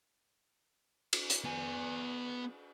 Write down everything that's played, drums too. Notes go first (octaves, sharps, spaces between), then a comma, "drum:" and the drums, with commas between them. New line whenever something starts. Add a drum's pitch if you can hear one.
drum: cymbal
drum: hi-hat
B3 G#5